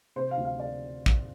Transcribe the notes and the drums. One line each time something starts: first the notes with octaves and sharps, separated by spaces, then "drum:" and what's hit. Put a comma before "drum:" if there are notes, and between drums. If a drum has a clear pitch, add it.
C3 C5
F5
D2
F5
D5
drum: kick